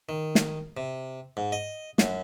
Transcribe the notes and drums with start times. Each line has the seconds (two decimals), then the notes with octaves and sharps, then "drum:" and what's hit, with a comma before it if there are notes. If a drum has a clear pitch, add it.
0.09 D#3
0.35 drum: snare
0.77 C3
1.37 G#2
1.52 D#5
1.98 F#2, drum: snare